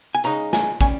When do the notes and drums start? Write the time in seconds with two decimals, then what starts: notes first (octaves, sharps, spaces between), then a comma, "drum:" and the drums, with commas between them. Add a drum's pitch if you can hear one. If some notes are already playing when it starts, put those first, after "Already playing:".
0.15 G#5
0.24 C#3 G#3 D#4 A#5, drum: hi-hat
0.53 G#5, drum: snare
0.81 G3 C#4 G#5, drum: kick, hi-hat